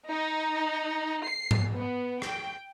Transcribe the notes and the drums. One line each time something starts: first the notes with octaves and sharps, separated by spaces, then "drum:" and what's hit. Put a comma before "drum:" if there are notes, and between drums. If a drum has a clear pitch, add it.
D#4
C7
drum: tom G#2
B3
G5, drum: rim click